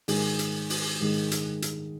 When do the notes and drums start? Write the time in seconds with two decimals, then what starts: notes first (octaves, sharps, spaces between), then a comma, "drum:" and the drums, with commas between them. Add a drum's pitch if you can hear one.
0.08 G#2 D#3 G#3 G#4, drum: open hi-hat
0.39 drum: hi-hat
0.70 drum: open hi-hat
1.00 G#2 D#3 G#3
1.31 drum: hi-hat
1.62 drum: hi-hat